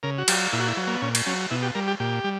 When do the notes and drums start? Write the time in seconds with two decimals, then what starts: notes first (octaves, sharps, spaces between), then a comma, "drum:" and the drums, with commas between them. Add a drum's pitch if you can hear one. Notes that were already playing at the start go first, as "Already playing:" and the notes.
0.03 C#3 A#4
0.18 F#4
0.28 F#3 G4, drum: cymbal
0.52 A#2 E4
0.60 F#4
0.68 E4
0.77 F#3
0.87 A#3
0.94 B3
1.02 A#2 C#4
1.15 drum: cymbal
1.26 F#3 C#4
1.51 B2 E4
1.63 G4
1.75 G3 A#4
1.87 G4
2.00 A#2 G4
2.24 G3